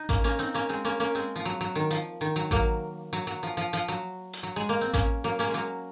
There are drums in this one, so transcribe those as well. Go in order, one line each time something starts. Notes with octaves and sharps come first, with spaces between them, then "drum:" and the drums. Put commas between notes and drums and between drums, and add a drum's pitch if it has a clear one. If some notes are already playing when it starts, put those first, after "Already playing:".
Already playing: D#4
A#3 C#4, drum: kick A1, hi-hat
A#3 C#4
C4 D#4
A#3 C#4
G#3 C4
A#3 C#4
A#3 C#4
G#3 C4
F3
F#3
F#3
D#3
F3, drum: hi-hat
D#3
F#3
F#3 A#3, drum: kick A1
F#3
F#3
F3
F3
F3, drum: hi-hat
F#3
drum: hi-hat
F#3
G#3
A#3
C4
A#3 C#4, drum: kick A1, hi-hat
F#3 A#3
A#3 C#4
G#3
F#3 A#3